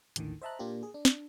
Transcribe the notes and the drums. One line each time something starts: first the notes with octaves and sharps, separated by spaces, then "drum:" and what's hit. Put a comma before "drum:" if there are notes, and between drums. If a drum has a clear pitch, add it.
A1 D#2 A2 D3 D#3, drum: hi-hat
C5 D#5 E5 A5 A#5 F#6
A#2 A#3 D4 F4 G4
G#4
D4
drum: snare